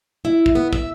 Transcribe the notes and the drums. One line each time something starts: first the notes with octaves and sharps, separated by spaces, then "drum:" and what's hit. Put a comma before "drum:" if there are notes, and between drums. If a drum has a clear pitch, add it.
E4
drum: kick
B3
E5, drum: kick